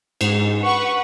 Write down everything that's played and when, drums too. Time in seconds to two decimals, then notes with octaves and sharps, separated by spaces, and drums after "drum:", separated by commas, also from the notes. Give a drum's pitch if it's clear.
0.21 G#2, drum: cymbal
0.62 B4 F#5 C#6